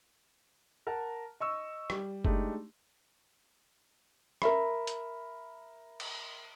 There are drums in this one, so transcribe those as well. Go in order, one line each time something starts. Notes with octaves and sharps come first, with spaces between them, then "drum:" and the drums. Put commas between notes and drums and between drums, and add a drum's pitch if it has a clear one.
A#4 F#5 A5
D#5 C#6 E6
G3, drum: rim click
G#3 A3 D4 D#4 G4, drum: kick F#1
A#4 E5 B5, drum: rim click
drum: hi-hat
drum: cymbal